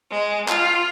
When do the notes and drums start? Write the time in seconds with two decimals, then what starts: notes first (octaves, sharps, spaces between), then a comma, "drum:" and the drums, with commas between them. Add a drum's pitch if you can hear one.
0.10 G#3
0.48 F4, drum: clap